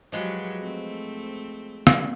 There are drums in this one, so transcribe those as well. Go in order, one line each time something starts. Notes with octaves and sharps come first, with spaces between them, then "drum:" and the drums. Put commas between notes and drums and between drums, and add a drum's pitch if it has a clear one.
F3 F#3 G#3 F#4 G4 B4
A3 C4
drum: rim click